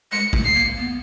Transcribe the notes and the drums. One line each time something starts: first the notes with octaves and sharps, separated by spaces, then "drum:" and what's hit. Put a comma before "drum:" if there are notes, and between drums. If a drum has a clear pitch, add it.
G#3 C#7
A3, drum: kick
C7
A#3
B3